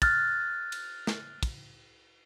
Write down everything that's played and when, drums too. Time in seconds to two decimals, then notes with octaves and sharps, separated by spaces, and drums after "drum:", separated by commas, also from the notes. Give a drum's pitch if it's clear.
0.02 F6 F#6 A6, drum: kick, cymbal
0.72 drum: cymbal
1.07 drum: snare
1.43 drum: kick, cymbal